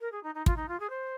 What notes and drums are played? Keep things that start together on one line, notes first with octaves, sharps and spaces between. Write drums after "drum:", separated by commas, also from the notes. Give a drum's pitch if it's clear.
A#4
G#4
D#4
D#4
F4, drum: kick
D#4
F4
G#4
C5